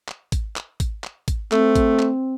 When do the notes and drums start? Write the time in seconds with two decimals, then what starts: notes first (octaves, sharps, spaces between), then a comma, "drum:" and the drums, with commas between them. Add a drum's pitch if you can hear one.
0.08 drum: clap
0.32 drum: kick, hi-hat
0.56 drum: clap
0.80 drum: kick, hi-hat
1.04 drum: clap
1.28 drum: kick, hi-hat
1.52 A3 C4, drum: clap
1.75 drum: kick, hi-hat
1.99 drum: clap